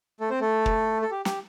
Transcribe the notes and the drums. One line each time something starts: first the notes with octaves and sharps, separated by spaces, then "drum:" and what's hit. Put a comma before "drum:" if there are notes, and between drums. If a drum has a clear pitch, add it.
A3 A4
C4 C5
A3 A4
drum: kick
A4
G4
G4, drum: snare